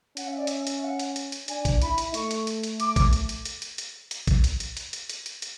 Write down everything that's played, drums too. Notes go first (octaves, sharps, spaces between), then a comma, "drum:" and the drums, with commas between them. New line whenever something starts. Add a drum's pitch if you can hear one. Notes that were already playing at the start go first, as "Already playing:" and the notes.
C#4 F#5, drum: hi-hat
E5
D5
E5, drum: hi-hat
drum: hi-hat
E5
F#5
drum: hi-hat
drum: hi-hat
drum: hi-hat
D4 G#5, drum: hi-hat
drum: kick A1, hi-hat
E4 B5, drum: hi-hat
drum: hi-hat
A3 C#6, drum: hi-hat
drum: hi-hat
drum: hi-hat
drum: hi-hat
D6, drum: hi-hat
drum: kick A1, hi-hat
drum: hi-hat
drum: hi-hat
drum: hi-hat
drum: hi-hat
drum: hi-hat
drum: hi-hat
drum: kick A1, hi-hat
drum: hi-hat
drum: hi-hat
drum: hi-hat
drum: hi-hat
drum: hi-hat
drum: hi-hat
drum: hi-hat